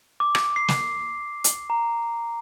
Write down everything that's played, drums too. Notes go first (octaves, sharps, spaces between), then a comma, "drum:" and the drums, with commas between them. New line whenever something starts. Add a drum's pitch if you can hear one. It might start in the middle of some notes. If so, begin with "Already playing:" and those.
D6
drum: rim click
C7
drum: snare
drum: hi-hat
A#5